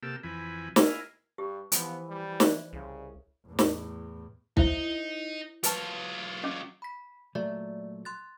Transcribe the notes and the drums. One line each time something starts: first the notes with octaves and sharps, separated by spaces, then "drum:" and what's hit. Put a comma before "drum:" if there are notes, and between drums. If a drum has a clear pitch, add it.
C3 A#3 G4 A4 E6
F2 E3 G#5 B5
E4 A#4 F5 G#5, drum: snare
G2 G4
E3 F3 B3, drum: hi-hat
G3
C5 D5 E5, drum: snare
C2 C#3
E2 A2
drum: snare
D#4 E4 C5 E5, drum: kick
F#3 F4 F#4 B4 A5, drum: hi-hat
C#4 D#5 D6
B5 B6
A#2 F#3 A3 D5 E5
C6 F#6 A6